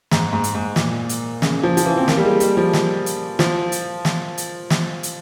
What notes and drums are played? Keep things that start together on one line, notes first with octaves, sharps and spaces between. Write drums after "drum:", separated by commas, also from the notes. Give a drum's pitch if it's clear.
G#2, drum: snare
G#2
drum: hi-hat
G#2
A#2, drum: snare
drum: hi-hat
C#3, drum: snare
F3
F3, drum: hi-hat
E3
C4
A#3, drum: snare
G3
G#3
G3, drum: hi-hat
F3
drum: snare
drum: hi-hat
F3, drum: snare
drum: hi-hat
drum: snare
drum: hi-hat
drum: snare
drum: hi-hat